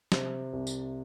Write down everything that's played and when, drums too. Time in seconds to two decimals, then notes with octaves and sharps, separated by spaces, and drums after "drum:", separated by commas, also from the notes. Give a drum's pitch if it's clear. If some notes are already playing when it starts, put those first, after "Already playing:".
0.12 C3, drum: snare
0.53 C2
0.67 drum: tambourine